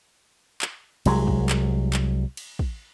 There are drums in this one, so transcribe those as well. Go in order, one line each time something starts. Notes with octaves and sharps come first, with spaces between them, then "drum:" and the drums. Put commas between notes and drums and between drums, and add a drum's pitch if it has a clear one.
drum: clap
C2 F#3 G#3, drum: cymbal
drum: kick
drum: clap
drum: clap
drum: cymbal
drum: kick